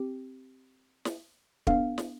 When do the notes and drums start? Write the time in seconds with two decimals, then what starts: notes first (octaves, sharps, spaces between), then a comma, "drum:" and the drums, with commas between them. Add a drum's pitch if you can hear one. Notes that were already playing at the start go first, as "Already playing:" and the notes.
Already playing: C4 G4
1.05 drum: snare
1.67 B3 D4 A4 F5, drum: kick
1.98 drum: snare